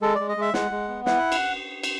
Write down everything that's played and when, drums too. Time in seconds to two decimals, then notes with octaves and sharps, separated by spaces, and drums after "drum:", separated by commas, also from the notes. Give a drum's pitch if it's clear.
0.02 G#3 A4
0.15 G#3 D5
0.29 D#5
0.37 G#3 E5
0.54 G#3 F#5, drum: snare
0.71 G#3
0.88 B3
1.06 E4 F#5, drum: snare
1.32 drum: cymbal
1.83 drum: cymbal